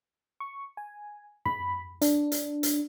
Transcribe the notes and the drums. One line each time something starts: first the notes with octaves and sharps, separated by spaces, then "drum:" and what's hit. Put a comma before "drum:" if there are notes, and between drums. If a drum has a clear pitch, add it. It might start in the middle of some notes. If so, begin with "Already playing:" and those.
C#6
G#5
B5, drum: tom
D4, drum: hi-hat
drum: hi-hat
drum: hi-hat